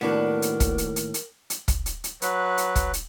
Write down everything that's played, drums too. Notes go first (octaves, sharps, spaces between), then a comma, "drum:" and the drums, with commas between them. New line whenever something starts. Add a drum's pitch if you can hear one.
D#2 A2 B3 D4 F#4 A#4
drum: hi-hat
drum: kick, hi-hat
drum: hi-hat
drum: hi-hat
drum: hi-hat
drum: hi-hat
drum: kick, hi-hat
drum: hi-hat
drum: hi-hat
F#3 B4, drum: hi-hat
drum: hi-hat
drum: kick, hi-hat
drum: hi-hat